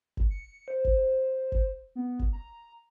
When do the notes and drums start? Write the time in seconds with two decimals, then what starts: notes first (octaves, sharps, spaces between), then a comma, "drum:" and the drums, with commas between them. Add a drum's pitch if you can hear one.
0.17 drum: kick G1
0.30 C#7
0.68 C5
0.85 drum: kick G1
1.52 drum: kick G1
1.95 B3
2.19 drum: kick G1
2.33 A#5